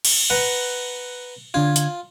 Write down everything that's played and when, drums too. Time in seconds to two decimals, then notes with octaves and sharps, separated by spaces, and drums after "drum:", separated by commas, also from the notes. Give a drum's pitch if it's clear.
0.05 drum: cymbal
0.30 B4 F#5 A#5
1.54 D3 D4 F4 G#6
1.76 drum: hi-hat